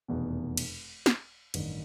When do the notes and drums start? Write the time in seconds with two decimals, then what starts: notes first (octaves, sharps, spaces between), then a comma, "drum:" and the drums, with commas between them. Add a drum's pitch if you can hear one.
0.08 F1 E2 B2
0.57 drum: cymbal
1.06 drum: snare
1.54 A1 G2 D#3, drum: cymbal